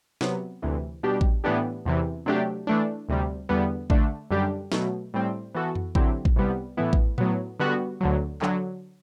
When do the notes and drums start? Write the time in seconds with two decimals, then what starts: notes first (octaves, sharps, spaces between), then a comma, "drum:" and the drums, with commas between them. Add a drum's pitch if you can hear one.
0.21 C3 F#3 B3, drum: snare
0.62 D2 C3 E3
1.03 B2 G3 D4 G4
1.21 drum: kick A1
1.44 A2 E3 B3 D4 G4
1.86 E2 C3 E3
2.26 C3 F#3 A3 D4 G4
2.67 E3 A3 D4
3.09 D2 C3 G3
3.49 E2 D3 G3 B3
3.90 D3 A3 D4, drum: kick A1
4.31 F#2 D3 G3 D4 G4
4.72 B2 F#3 A3, drum: snare
5.14 A2 G3 C4
5.55 E3 B3 F#4 A4
5.75 drum: tom F2
5.95 D3 F#3 C4 E4 G4, drum: kick A1
6.25 drum: kick A1
6.36 C2 C3 G3 B3
6.77 A2 E3 B3 E4
6.93 drum: kick A1
7.18 A2 F#3 B3, drum: tom A2
7.60 D3 G3 B3 F#4
8.01 D2 D3 F#3
8.42 D3 F#3, drum: clap